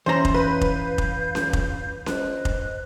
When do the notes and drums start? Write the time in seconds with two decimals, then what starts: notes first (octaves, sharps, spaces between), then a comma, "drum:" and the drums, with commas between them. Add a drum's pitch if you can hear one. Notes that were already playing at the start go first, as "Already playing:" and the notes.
0.06 E3 C#4 C5 A#5
0.25 drum: kick F1
0.34 B4 F5 G6
0.61 drum: kick F1
0.98 drum: kick F1
1.35 drum: snare C#4
1.53 drum: kick F1
2.06 C5 D#5 F#6, drum: snare C#4
2.45 drum: kick F1